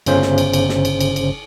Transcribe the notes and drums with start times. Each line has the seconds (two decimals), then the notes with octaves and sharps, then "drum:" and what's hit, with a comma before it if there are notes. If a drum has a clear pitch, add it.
0.06 G1 C#3 C#4 C5, drum: cymbal
0.22 drum: snare
0.38 drum: cymbal
0.53 drum: cymbal
0.69 drum: snare
0.85 drum: cymbal
1.01 drum: cymbal
1.16 drum: cymbal